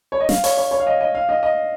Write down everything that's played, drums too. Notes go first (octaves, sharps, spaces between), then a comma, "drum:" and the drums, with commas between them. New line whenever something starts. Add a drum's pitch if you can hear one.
C#5
D#5
F5, drum: snare
C#5, drum: open hi-hat
C#5
C#5
F5
D#5
D#5
F5
D#5
D#5